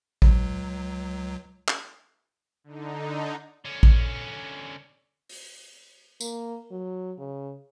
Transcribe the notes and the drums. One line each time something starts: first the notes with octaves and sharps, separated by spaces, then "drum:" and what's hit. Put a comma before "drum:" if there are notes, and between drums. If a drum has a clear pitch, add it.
C#2 F#3, drum: kick A1
drum: clap
D3 D#4
D3 C#4
drum: kick A1
drum: open hi-hat
A#3, drum: tambourine
F#3
C#3